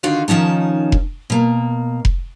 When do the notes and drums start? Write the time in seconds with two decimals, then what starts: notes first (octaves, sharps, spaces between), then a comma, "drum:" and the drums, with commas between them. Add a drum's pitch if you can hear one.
0.03 D3 D#3 F4 F#4 F5
0.28 D#3 F3 C#4 D#4 A5
0.92 drum: kick F1
1.30 B2 A#3
2.05 drum: kick F1